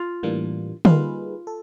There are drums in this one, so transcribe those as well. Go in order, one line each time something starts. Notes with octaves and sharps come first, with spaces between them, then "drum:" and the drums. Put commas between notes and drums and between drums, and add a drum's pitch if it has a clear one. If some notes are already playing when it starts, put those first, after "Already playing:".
Already playing: F4
A2 E3 G3 A#3 D4
G3 A#3 D#4 F4 G#4 B4, drum: tom D3
A4